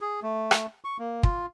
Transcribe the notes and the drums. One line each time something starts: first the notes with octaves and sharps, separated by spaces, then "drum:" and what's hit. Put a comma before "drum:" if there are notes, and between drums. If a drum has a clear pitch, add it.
G#4
A3
drum: rim click
C#6
A#3
F4, drum: kick